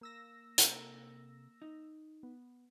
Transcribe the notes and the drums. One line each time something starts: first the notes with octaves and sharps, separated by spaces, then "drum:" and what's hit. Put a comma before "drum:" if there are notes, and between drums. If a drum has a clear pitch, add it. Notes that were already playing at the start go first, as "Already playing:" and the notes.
A#3 E6 A#6
C3 A4 A#4, drum: hi-hat
D#4
B3